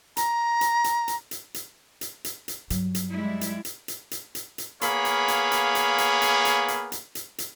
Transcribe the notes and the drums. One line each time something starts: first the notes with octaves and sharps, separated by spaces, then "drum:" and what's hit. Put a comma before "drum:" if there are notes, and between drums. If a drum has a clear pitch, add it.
A#5, drum: hi-hat
drum: hi-hat
drum: hi-hat
drum: hi-hat
drum: hi-hat
drum: hi-hat
drum: hi-hat
drum: hi-hat
drum: hi-hat
G2 F#3, drum: hi-hat
drum: hi-hat
G3 G#3 E4
drum: hi-hat
drum: hi-hat
drum: hi-hat
drum: hi-hat
drum: hi-hat
drum: hi-hat
A#3 B3 G#4 C#5 F5 B5, drum: hi-hat
drum: hi-hat
drum: hi-hat
drum: hi-hat
drum: hi-hat
drum: hi-hat
drum: hi-hat
drum: hi-hat
drum: hi-hat
drum: hi-hat
drum: hi-hat
drum: hi-hat